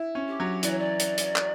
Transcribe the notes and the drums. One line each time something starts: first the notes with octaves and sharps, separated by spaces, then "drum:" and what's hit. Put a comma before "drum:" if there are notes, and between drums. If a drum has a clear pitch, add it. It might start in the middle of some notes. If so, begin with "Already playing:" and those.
Already playing: E4
C#4
G4
F#3
E3 D5, drum: hi-hat
C#5
D5
drum: hi-hat
drum: hi-hat
drum: clap